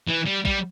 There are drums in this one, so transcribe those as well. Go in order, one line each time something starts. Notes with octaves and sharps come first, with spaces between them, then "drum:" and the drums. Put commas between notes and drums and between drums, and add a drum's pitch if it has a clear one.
E3
G3
G3, drum: kick